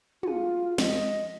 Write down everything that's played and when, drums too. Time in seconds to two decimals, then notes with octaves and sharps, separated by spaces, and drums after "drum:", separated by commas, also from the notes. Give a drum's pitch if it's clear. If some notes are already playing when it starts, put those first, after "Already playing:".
0.23 F4 F#4 G#4, drum: tom
0.78 F3 G#3 D#5 B6, drum: snare